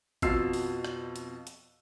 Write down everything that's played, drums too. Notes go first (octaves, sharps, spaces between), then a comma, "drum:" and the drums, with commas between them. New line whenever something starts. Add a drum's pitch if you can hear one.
F2 B2 F4 F#4 E6 C7, drum: kick G#1, hi-hat
drum: open hi-hat
drum: rim click
drum: hi-hat
drum: hi-hat